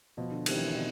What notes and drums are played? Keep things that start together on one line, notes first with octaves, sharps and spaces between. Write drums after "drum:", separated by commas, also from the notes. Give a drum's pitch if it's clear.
B2 F3
D3
D#3 G3 C4 E4 G4, drum: cymbal
E3
B2